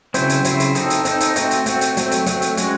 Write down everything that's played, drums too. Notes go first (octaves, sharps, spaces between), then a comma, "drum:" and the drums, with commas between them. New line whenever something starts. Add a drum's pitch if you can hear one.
C#3 F#3 C4 E4 C5, drum: hi-hat
drum: hi-hat
C#3 F#3 C4 E4 C5, drum: hi-hat
drum: hi-hat
C4 D#4 A4, drum: hi-hat
drum: hi-hat
C4 D#4 A4, drum: hi-hat
drum: hi-hat
A3 C4 F#4, drum: hi-hat
drum: hi-hat
A3 C4 F#4, drum: hi-hat
drum: hi-hat
F#3 A3 C4, drum: hi-hat
drum: hi-hat
F#3 A3 C4, drum: hi-hat
drum: hi-hat
G#3 C#4 F#4, drum: hi-hat